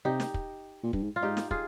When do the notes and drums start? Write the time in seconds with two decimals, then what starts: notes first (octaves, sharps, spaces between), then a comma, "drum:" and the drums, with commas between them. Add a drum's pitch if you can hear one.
0.05 C3 D#4 G4
0.20 drum: snare
0.34 drum: kick
0.83 A#2
0.93 G2, drum: kick
1.03 G#2
1.16 F4
1.22 G#2 D#4 G4
1.37 drum: snare
1.51 F4 G#4, drum: kick